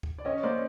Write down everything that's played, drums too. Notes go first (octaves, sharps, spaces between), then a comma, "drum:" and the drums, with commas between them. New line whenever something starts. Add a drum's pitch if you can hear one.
drum: kick D2
D5
C#4 C#5 D#5
A#3 C5 D5